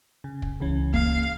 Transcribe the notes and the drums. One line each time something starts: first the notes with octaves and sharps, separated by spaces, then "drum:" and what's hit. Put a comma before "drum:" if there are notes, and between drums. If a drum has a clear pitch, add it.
C#3
drum: kick
C#2 E3 C#4
A#3 F5, drum: kick